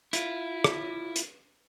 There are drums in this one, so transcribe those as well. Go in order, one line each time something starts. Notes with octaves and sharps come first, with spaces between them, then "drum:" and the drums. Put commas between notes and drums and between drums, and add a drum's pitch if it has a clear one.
E4 F4, drum: hi-hat
drum: rim click
drum: hi-hat